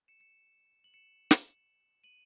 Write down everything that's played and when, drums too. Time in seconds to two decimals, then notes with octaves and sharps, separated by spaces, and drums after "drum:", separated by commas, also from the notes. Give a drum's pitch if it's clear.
0.08 C#7 E7
0.20 C#7 E7
0.84 F#7
0.94 C#7 E7
1.31 drum: snare
2.04 D#7 F#7